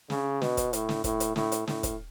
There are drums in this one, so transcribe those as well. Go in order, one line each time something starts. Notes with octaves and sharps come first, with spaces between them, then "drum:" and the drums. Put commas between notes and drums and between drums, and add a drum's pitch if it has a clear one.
C#3, drum: snare
B2, drum: snare
drum: kick, hi-hat
A2, drum: hi-hat
drum: snare
A2, drum: kick, hi-hat
drum: hi-hat
A2, drum: snare
drum: hi-hat
A2, drum: snare
drum: kick, hi-hat